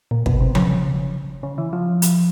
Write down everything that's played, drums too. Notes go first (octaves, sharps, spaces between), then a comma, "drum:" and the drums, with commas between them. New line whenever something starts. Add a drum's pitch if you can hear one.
A#2
B2, drum: kick
C3
C#3, drum: tom F3
C#3
E3
F3
drum: hi-hat